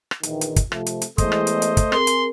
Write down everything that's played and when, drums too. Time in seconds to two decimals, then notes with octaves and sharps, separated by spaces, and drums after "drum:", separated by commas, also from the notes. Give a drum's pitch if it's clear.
0.11 drum: rim click
0.23 A#1 D#3 E3, drum: hi-hat
0.41 drum: hi-hat
0.56 drum: kick, hi-hat
0.72 C3 F3 A3, drum: rim click
0.86 drum: hi-hat
1.02 drum: hi-hat
1.18 E2 G#3 A3 C5 D#5, drum: kick, hi-hat
1.32 drum: rim click
1.47 drum: hi-hat
1.62 drum: hi-hat
1.77 drum: kick, hi-hat
1.92 C4 G#4 A#4 C6, drum: rim click
2.07 drum: hi-hat